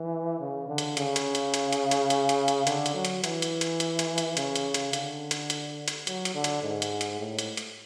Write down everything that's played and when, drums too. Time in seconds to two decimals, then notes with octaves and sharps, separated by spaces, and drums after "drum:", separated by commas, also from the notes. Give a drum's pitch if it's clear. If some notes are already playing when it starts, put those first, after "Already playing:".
Already playing: E3
0.40 C#3
0.68 D3
0.78 drum: hi-hat
0.97 C#3, drum: hi-hat
1.16 drum: hi-hat
1.35 drum: hi-hat
1.54 drum: hi-hat
1.73 drum: hi-hat
1.91 drum: hi-hat
2.10 drum: hi-hat
2.29 drum: hi-hat
2.48 drum: hi-hat
2.67 D3, drum: hi-hat
2.86 drum: hi-hat
2.95 F#3
3.05 drum: hi-hat
3.24 E3, drum: hi-hat
3.42 drum: hi-hat
3.61 drum: hi-hat
3.80 drum: hi-hat
3.99 drum: hi-hat
4.18 drum: hi-hat
4.37 C#3, drum: hi-hat
4.56 drum: hi-hat
4.74 drum: hi-hat
4.93 D3, drum: hi-hat
5.31 drum: hi-hat
5.50 drum: hi-hat
5.88 drum: hi-hat
6.07 F#3, drum: hi-hat
6.25 drum: hi-hat
6.35 D3
6.44 drum: hi-hat
6.63 G#2
6.82 drum: hi-hat
7.01 drum: hi-hat
7.20 A2
7.39 drum: hi-hat
7.57 drum: hi-hat